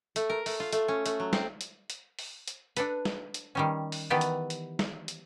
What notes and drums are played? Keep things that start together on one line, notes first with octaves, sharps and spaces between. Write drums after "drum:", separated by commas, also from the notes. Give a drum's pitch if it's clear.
A3, drum: hi-hat
A#4
A3, drum: open hi-hat
F4
A3, drum: hi-hat
C#4
A3, drum: hi-hat
F#3
C4, drum: snare
drum: hi-hat
drum: hi-hat
drum: open hi-hat
drum: hi-hat
D4 A4 B4, drum: hi-hat
drum: snare
drum: hi-hat
D#3 G3 C#4
drum: open hi-hat
D#3 E3 B3 G4 B4 D5
drum: hi-hat
drum: hi-hat
drum: snare
drum: hi-hat